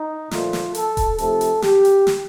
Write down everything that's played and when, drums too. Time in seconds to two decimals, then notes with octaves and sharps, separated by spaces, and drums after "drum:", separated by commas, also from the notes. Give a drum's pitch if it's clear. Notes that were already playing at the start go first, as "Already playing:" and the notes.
Already playing: D#4
0.31 A#2 F3 A3 F4, drum: snare
0.53 drum: snare
0.75 A4, drum: hi-hat
0.97 drum: kick D#1, hi-hat
1.18 C3 F3 A3 A4, drum: hi-hat
1.41 drum: hi-hat
1.62 G4, drum: snare
1.85 drum: hi-hat
2.07 drum: snare